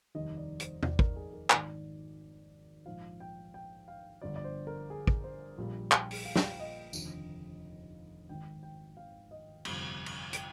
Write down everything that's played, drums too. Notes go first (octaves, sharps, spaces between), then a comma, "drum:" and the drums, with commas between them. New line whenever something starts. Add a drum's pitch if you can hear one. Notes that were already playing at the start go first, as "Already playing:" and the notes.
F1 D#2 D#3 G3 D#5
D5
C5, drum: hi-hat
D5, drum: tom
A#4, drum: kick
G#4
A#4
G#1 G#2 D#3 D5, drum: clap
A#1 G#2 F3 F5
G5
G5
F5
G1 G2 D3 F3 D5
D5
C5
A#4
G#4
drum: kick
C5
A#1 A#2 G3
G5, drum: clap
drum: open hi-hat
F5
G5, drum: snare
F5
D#5
F1 D#2 D3 F3, drum: tambourine
G#1 G#2 D#3 G5
G5
F5
D#5
G1 F2 C3 G3, drum: cymbal
drum: cymbal
G5, drum: hi-hat